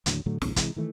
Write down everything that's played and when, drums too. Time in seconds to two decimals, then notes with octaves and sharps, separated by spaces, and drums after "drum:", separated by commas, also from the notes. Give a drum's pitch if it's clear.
0.06 D#2 A2 D3 F#3, drum: hi-hat
0.26 A2 D3 F#3 A3
0.42 A#1 D#2 G#2 C#3, drum: snare
0.56 C3 E3 G#3, drum: kick, hi-hat
0.76 D#3 E3 A3